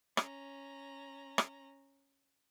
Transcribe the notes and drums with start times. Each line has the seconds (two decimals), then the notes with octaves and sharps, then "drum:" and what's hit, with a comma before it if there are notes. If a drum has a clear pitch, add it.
0.17 C#4 A#5, drum: rim click
1.38 drum: rim click